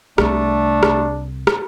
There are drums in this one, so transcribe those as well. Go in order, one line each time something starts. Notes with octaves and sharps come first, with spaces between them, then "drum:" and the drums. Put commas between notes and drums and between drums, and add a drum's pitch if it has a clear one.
C2 C3 A3 D4, drum: rim click
drum: rim click
drum: rim click